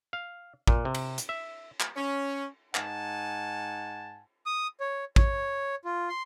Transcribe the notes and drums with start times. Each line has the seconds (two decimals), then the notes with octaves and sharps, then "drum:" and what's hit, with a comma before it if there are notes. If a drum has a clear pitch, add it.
0.13 F5
0.67 A#2, drum: kick
0.85 C3
0.95 drum: cymbal
1.18 drum: hi-hat
1.29 E5
1.80 drum: clap
1.96 C#4
2.75 G#2 D#4 F#5 G#5 A5, drum: clap
4.46 D#6
4.80 C#5
5.16 C#5, drum: kick
5.85 F4
6.09 C6